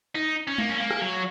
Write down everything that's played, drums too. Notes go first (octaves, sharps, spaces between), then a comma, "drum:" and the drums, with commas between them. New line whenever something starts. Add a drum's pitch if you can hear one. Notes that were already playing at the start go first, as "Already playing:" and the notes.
D#4
C#4
A#3, drum: tom G#3
C#4
A#3
drum: rim click
F#3